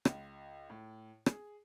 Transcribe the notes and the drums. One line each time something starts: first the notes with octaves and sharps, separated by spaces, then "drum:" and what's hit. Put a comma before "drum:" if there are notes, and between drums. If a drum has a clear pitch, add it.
C#2, drum: rim click
A2
G#4, drum: rim click